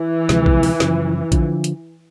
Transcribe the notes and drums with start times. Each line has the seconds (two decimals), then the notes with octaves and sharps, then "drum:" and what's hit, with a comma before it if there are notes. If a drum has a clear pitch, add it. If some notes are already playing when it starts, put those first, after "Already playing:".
Already playing: E3
0.29 D2 C3 F3 G#3, drum: snare
0.46 drum: kick
0.63 drum: open hi-hat
0.80 F#2 C#3 F3, drum: snare
1.32 D3 F3, drum: kick, hi-hat
1.64 drum: hi-hat